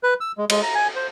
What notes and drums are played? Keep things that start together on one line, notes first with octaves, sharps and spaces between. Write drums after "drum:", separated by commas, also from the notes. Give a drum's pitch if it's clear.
B4
E6
G#3
G#3, drum: cymbal
A#5
G#5
C5